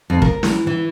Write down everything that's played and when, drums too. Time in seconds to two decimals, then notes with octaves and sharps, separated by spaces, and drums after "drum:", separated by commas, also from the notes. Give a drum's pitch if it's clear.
0.10 F2
0.22 A#4, drum: kick
0.43 E3, drum: snare
0.67 E3